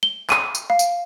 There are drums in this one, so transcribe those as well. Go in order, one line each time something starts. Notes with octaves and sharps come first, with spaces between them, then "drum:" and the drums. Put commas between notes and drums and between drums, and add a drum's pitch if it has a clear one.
G7
D#7, drum: clap
drum: tambourine
F5
drum: tambourine